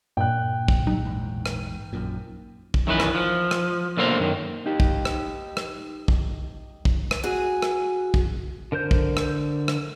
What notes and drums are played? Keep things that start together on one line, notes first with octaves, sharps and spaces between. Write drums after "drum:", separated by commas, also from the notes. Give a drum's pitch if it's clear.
G2 A#2 G5 F#6
drum: kick
F#3 G3 D#4
A1 E2 G#2
drum: rim click
A#1 F#2 A#2
drum: kick
F#2 D#3 E3 B4
drum: rim click
F3
drum: rim click
B1 D3 A#3 C5 G5 A#5
F#2 D#3
D#4 G4
drum: kick
drum: rim click
drum: rim click
drum: kick
drum: kick
drum: rim click
F#4 G#4
drum: rim click
drum: kick
D3 A#4 C5 G6
drum: kick
drum: rim click
drum: rim click